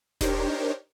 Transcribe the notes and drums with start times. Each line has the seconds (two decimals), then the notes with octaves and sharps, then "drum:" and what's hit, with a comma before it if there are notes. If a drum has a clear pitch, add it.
0.21 D4 D#4 G4 A#4 C5 C#5, drum: snare E1